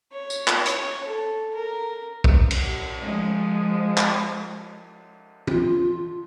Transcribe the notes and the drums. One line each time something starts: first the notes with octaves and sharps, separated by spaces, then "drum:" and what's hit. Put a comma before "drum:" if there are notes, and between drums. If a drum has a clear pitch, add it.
C#5
drum: tambourine
drum: clap
C#5, drum: hi-hat
A4
A#4
drum: kick
drum: cymbal
F3 G#3
drum: clap
F4, drum: tom